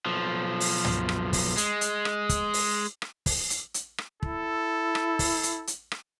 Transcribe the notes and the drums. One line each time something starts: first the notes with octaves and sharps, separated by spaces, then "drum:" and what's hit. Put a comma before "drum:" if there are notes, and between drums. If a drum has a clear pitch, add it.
B1 F3
drum: open hi-hat
drum: tom
drum: rim click
drum: kick, open hi-hat
G#3, drum: hi-hat
drum: hi-hat
drum: rim click
drum: kick, hi-hat
drum: open hi-hat
drum: rim click
drum: kick, open hi-hat
drum: hi-hat
drum: hi-hat
drum: rim click
E4 A4, drum: kick
drum: rim click
drum: kick, open hi-hat
drum: hi-hat
drum: hi-hat
drum: rim click